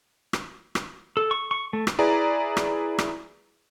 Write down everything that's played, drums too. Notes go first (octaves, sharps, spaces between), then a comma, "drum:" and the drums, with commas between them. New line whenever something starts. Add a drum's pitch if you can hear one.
drum: rim click
drum: rim click
A4
C#6
C#6
A3
drum: rim click
E4 G#4 B4 D5 A#5
drum: rim click
drum: rim click